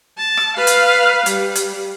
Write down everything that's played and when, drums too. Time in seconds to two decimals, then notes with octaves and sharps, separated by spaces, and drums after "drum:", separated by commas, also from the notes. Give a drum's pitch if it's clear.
0.18 A5
0.37 drum: rim click
0.56 B4 F5
0.67 drum: hi-hat
1.26 G3, drum: hi-hat
1.55 drum: hi-hat